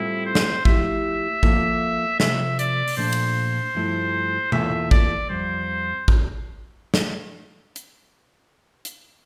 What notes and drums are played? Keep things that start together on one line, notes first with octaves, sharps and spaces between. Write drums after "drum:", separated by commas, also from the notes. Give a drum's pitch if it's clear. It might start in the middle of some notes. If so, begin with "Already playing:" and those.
Already playing: A2 G3 C4 E4 F4 A4
C5
drum: snare
F3 A3 E4 G4 E5, drum: kick A1
F3 A#3 F4 A4, drum: kick A1
C3 F3 A3 E5, drum: snare
D5, drum: hi-hat
drum: open hi-hat
A#2 F3 A3 D4 C5
drum: cymbal
G2 F3 A3 E4
E2 E3 A#3 F4 A4 E5, drum: tom B2
D5, drum: kick A1
F2 C3 G3 C5
drum: kick A1
drum: snare
drum: hi-hat
drum: hi-hat